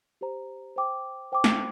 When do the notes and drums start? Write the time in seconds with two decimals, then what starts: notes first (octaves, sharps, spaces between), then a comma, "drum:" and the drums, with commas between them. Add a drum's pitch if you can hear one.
0.21 G4 C5 A#5
0.76 C5 G5 D6
1.32 C5 G5 D6
1.44 drum: snare